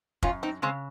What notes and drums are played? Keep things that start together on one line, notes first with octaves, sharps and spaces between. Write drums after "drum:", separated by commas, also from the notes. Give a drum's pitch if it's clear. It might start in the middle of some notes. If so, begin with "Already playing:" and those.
F#2 C#4 F4, drum: kick
C4 D#4
C#3 G#3 C4